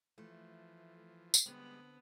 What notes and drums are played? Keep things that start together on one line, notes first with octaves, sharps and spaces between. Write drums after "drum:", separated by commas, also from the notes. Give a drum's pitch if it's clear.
E3 F3 A3
drum: tambourine
D3 G3 G#3 B3 C4